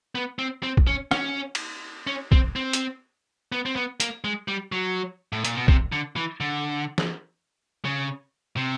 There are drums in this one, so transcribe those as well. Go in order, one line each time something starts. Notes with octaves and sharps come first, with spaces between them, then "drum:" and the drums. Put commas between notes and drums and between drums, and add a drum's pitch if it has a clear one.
B3
C4
C4
drum: kick B1
C#4
C#4, drum: rim click
drum: cymbal
C#4
C4, drum: kick B1
C4
drum: hi-hat
B3
C4
B3
A#3, drum: hi-hat
G#3
G3
F#3
A2
A#2, drum: hi-hat
B2
C3, drum: kick B1
D3
E3
D3
drum: snare
C#3
C3